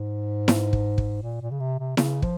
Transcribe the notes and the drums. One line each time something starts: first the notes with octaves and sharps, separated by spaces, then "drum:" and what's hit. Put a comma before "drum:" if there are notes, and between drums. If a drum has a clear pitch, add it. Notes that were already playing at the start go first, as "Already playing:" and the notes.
Already playing: G#2
drum: snare E4
drum: kick
drum: kick
A#2
A#2
C#3
C3
C3
C#3, drum: snare E4
F3, drum: kick